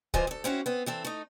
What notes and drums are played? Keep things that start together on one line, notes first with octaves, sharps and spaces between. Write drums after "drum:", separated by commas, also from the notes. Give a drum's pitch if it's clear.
E3 F4 C5 D#5 G#5, drum: kick D1
D2 A4
C4 C#4 E4 F#4
B3 C4
E3 C4 A4
A3 D#4